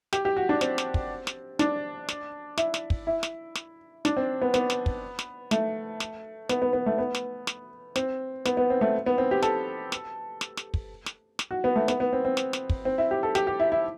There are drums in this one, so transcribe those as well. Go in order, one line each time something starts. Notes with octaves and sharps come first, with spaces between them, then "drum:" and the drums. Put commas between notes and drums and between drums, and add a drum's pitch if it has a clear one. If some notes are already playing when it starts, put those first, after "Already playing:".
G4, drum: snare
G4
F#4
D4
C4, drum: snare
drum: snare
drum: kick
drum: snare
D4, drum: snare
drum: snare
E4, drum: snare
drum: snare
drum: kick
E4
drum: snare
drum: snare
D4, drum: snare
C4
B3
B3, drum: snare
drum: snare
drum: kick
drum: snare
A3, drum: snare
drum: snare
B3, drum: snare
B3
B3
A3
B3
drum: snare
drum: snare
C4, drum: snare
B3, drum: snare
B3
C4
A3
B3
C4
G4
A4, drum: snare
drum: snare
drum: snare
drum: snare
drum: kick
drum: snare
drum: snare
F#4
B3
A3
B3, drum: snare
B3
C4
C4
drum: snare
drum: snare
drum: kick
C4
E4
G4
A4
G4, drum: snare
G4
E4
E4